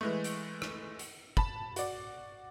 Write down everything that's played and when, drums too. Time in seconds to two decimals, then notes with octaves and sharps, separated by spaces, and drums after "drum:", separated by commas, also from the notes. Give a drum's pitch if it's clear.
0.01 E3 G#3 A3
0.24 drum: hi-hat
0.62 drum: rim click
0.99 drum: hi-hat
1.37 A5 B5, drum: kick
1.76 F#4 D5, drum: hi-hat